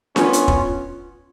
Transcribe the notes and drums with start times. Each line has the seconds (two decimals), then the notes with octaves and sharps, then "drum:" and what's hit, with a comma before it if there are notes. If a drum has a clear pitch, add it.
0.16 B3 C#4 F4, drum: snare D4
0.33 drum: hi-hat
0.48 drum: kick